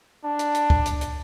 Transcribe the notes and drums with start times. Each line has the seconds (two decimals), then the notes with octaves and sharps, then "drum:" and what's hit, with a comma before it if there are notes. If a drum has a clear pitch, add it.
0.24 D4
0.39 drum: hi-hat
0.55 drum: hi-hat
0.70 drum: kick C#2
0.85 drum: hi-hat
1.01 drum: hi-hat